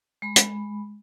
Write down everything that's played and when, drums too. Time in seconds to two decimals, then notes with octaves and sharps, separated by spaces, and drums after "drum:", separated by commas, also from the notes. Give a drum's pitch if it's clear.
0.22 G#3 B5
0.36 drum: hi-hat